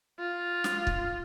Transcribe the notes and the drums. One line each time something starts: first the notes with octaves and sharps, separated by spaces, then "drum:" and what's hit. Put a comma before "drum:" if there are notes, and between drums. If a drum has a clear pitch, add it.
F4
drum: snare
drum: kick C#1